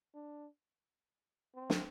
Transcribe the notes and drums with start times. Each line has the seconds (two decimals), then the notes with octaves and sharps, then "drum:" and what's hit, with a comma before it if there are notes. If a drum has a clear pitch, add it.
0.14 D4
1.55 C4
1.70 drum: snare